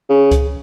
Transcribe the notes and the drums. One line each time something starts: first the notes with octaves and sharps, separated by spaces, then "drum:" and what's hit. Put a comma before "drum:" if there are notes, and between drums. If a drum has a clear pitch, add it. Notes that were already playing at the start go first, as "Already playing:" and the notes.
C#3
drum: kick C#2, hi-hat